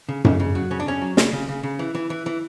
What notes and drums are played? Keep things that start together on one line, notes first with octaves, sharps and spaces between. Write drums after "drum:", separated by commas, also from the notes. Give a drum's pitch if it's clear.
C#3
C#3, drum: tom F#2
C#3
F#3
C#3 C#4
D4
C#3 C#4
F#3
C#3, drum: snare
C#3
C#3
C#3
E3
E3
E3
E3